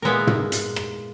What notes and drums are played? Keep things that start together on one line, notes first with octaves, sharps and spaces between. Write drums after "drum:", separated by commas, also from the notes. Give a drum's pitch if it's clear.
A#2 G#3 B3 E4 A#4
drum: tom
drum: hi-hat
drum: rim click